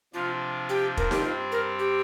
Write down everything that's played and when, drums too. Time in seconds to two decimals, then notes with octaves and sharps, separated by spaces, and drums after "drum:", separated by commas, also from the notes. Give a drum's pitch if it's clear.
0.13 C3 F3 D4 F4
0.69 G4
0.97 A#4, drum: kick
1.11 G4, drum: snare D#4
1.23 G2 G3 C4 F4
1.52 A#4
1.79 G4